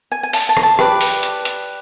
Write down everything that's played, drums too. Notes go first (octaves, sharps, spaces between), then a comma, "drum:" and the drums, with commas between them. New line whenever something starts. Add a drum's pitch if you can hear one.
G#5
G#5
A5, drum: open hi-hat
A5
A#5, drum: rim click
A5
G4 B4 D5, drum: rim click
drum: open hi-hat
drum: hi-hat
drum: hi-hat